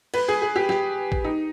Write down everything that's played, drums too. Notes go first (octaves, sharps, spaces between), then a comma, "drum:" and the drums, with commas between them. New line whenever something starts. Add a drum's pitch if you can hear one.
B4, drum: cymbal
G#4
G#4
G4
G4, drum: snare
drum: kick A1
D#4